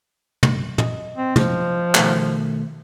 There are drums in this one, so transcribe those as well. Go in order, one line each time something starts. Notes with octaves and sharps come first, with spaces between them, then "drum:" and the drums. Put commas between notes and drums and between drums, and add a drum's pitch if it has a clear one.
drum: tom
D#5, drum: tom
C4
F3, drum: tom
B2 D#3 A3, drum: clap